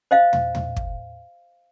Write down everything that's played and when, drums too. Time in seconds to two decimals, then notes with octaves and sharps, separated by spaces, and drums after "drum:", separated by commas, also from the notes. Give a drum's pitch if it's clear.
0.11 C5 D#5 F5
0.33 drum: tom
0.55 drum: tom
0.76 drum: kick